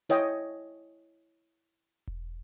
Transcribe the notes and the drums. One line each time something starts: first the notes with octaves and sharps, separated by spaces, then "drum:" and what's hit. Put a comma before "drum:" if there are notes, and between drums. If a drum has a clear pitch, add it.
E4 C#5 D#5 G5, drum: snare
drum: kick E1